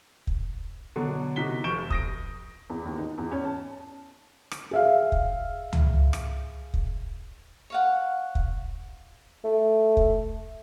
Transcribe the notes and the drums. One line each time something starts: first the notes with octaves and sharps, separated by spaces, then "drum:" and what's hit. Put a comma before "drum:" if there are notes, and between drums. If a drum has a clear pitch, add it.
drum: kick
B2 D3 F#3
C3 D#4 F#4 B6 G7
F1 C#6 G6 D7 E7 G7
D#6 A#6 D7, drum: kick
E2
D#2
D#4
E2
C#4
A5
drum: rim click
G#4 E5 F5
drum: kick
drum: tom C#2
drum: rim click
drum: kick
C#5 F5 F#5
drum: kick
A3
drum: kick